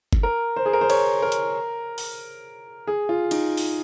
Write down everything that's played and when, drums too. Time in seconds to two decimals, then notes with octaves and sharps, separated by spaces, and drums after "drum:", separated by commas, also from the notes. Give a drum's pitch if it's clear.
0.13 drum: kick G1
0.23 A#4
0.56 C5
0.66 G#4
0.73 A#4
0.81 C5
0.90 C#5, drum: cymbal
1.22 A#4
1.32 drum: hi-hat
1.98 drum: open hi-hat
2.87 G#4
3.09 F4
3.31 D#4, drum: cymbal
3.57 drum: open hi-hat